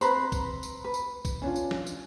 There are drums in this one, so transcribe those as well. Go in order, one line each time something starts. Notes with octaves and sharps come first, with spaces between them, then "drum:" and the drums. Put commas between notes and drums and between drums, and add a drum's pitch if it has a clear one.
C4 B4 C5 A#5 B5, drum: tambourine
drum: kick, tambourine
drum: tambourine
B4
drum: tambourine
drum: kick, tambourine
C#4 D4 F4
drum: tambourine
drum: snare
drum: tambourine